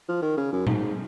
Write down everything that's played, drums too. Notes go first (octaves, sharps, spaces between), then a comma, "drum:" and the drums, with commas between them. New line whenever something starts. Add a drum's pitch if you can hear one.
F3
D#3
C#3
F#2
G#2, drum: tom A#2